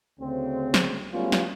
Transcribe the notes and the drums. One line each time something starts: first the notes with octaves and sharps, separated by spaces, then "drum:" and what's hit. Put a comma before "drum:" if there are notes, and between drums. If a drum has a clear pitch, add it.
D2 C#3 C4
drum: snare
F#3 G3 A3 B3 C#4 F4
drum: snare